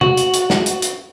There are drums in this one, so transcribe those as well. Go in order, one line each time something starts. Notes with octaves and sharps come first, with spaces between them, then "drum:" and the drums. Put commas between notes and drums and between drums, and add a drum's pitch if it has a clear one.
F#4, drum: tom C3
drum: hi-hat
drum: hi-hat
drum: snare
drum: hi-hat
drum: hi-hat